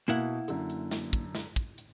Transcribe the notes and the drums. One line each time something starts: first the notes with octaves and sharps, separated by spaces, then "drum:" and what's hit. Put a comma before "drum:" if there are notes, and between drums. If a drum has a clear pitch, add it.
B2 A#3 E4 F#5
F#2 D3, drum: hi-hat
drum: hi-hat
drum: snare
drum: kick, hi-hat
drum: snare
drum: kick, hi-hat
drum: hi-hat